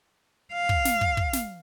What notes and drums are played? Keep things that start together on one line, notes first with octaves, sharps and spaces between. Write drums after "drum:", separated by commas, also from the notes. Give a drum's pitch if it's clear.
F5
drum: kick
drum: snare
drum: kick
drum: kick
drum: snare